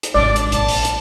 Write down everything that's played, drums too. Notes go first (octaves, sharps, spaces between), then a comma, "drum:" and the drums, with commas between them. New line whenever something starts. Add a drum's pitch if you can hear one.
drum: hi-hat
G#1 D4 D5 D6
drum: hi-hat
A#1 A5, drum: hi-hat
drum: open hi-hat
drum: hi-hat